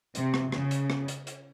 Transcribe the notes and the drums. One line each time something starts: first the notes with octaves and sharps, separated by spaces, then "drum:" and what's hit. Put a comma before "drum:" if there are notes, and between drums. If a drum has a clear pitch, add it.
C3, drum: hi-hat
drum: rim click
C#3, drum: rim click
drum: hi-hat
drum: rim click
drum: hi-hat
drum: hi-hat